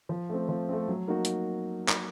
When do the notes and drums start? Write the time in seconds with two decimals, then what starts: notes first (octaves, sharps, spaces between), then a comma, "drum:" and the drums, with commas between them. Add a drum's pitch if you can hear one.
0.09 F3
0.29 A3 C4
0.48 F3
0.69 A3 C4
0.88 F#3
1.08 A#3 D#4 F#4
1.25 drum: hi-hat
1.89 drum: clap